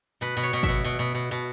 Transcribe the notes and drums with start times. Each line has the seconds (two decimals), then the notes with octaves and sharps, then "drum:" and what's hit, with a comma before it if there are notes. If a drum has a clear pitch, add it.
0.21 B2 B4
0.37 B2
0.43 C#5
0.53 B2
0.63 E5, drum: kick G1
0.69 B2
0.84 B2
0.99 B2
1.14 B2
1.31 B2